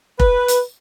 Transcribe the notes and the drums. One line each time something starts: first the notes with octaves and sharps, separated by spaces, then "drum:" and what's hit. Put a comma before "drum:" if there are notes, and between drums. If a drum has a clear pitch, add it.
B4, drum: kick F1
drum: hi-hat